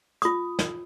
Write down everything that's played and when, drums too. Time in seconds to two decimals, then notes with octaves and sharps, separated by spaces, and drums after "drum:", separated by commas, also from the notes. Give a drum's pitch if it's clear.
0.22 F4 D#6, drum: hi-hat
0.59 drum: snare